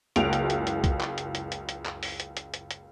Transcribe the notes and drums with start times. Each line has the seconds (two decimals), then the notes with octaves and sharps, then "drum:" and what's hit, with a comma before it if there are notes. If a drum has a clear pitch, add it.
0.16 F#1 C#2 E4 F#4 D7 F7, drum: hi-hat
0.33 drum: hi-hat
0.50 drum: hi-hat
0.67 drum: hi-hat
0.84 drum: kick, hi-hat
1.01 drum: clap
1.18 drum: hi-hat
1.35 drum: hi-hat
1.52 drum: hi-hat
1.69 drum: hi-hat
1.86 drum: clap
2.03 drum: open hi-hat
2.20 drum: hi-hat
2.37 drum: hi-hat
2.54 drum: hi-hat
2.71 drum: hi-hat